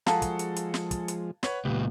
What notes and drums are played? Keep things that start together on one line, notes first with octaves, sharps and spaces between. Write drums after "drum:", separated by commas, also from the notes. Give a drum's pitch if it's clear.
F3 G#3 F#4 G#4 A4 F5 A5 A#5, drum: snare
drum: kick, hi-hat
drum: hi-hat
drum: hi-hat
drum: snare
drum: kick, hi-hat
drum: hi-hat
B4 C#5 F#5, drum: snare
C#2 A#2 B3 G4